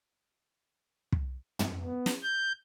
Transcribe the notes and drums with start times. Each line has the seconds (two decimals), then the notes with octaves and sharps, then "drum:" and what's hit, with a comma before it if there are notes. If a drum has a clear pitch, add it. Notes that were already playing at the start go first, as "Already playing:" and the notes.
1.12 drum: kick
1.59 drum: tom
1.83 B3
2.06 drum: snare
2.23 G6